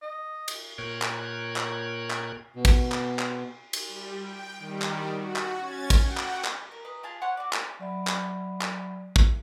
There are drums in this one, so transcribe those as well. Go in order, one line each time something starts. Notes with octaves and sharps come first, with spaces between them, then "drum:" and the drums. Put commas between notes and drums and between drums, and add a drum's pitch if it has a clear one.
D#5
drum: cymbal
A#2 A#4 C#5 G5 F#6 G#6
drum: clap
drum: clap
drum: clap
B2
drum: kick, cymbal
drum: clap
drum: clap
drum: cymbal
G3
G5
D#3 G3
drum: clap
F#4
drum: clap
C#4 G#6 A6
drum: kick, cymbal
F#4 F#5 G5
drum: clap
drum: clap
A#4
B4 D#5 A#5
F4 G#4 F5 A5
C5 C#5 F#5 C6
F#4 D5
drum: clap
F#3 D5 E5 B5
drum: clap
drum: clap
drum: kick